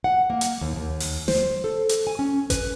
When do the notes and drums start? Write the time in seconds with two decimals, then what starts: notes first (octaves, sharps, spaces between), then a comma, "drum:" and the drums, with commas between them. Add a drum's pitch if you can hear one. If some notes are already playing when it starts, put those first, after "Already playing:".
0.04 F#5
0.30 A#3
0.41 drum: hi-hat
0.61 D#2
0.76 D#2
1.00 drum: open hi-hat
1.28 C5, drum: snare
1.64 A4
1.89 drum: hi-hat
2.07 G#5
2.19 C#4
2.50 B4, drum: kick G#1, hi-hat